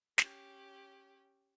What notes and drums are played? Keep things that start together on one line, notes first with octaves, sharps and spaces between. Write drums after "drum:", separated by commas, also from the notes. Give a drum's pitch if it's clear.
C#4 G4, drum: snare